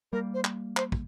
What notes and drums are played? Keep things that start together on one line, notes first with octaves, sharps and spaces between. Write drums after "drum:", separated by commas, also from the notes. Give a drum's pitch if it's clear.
G3 A#3 A#4
C5
drum: clap
C5, drum: clap
drum: kick